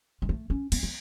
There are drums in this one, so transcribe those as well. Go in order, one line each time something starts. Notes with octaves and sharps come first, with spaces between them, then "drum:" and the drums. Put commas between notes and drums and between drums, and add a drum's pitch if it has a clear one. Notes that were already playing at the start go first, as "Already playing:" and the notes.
G#3
A3
C#4
B3, drum: cymbal
B3